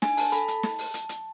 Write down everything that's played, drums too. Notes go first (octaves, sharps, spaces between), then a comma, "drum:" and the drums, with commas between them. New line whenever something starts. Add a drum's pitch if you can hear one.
D4 G#5, drum: snare
A5, drum: open hi-hat
A4 B5, drum: hi-hat
A5, drum: hi-hat
drum: snare
drum: open hi-hat
drum: hi-hat
drum: hi-hat